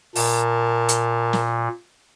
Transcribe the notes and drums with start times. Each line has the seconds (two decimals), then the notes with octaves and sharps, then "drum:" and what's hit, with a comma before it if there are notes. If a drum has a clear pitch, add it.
0.15 A#2 A#4 A5, drum: open hi-hat
0.89 drum: hi-hat
1.33 drum: snare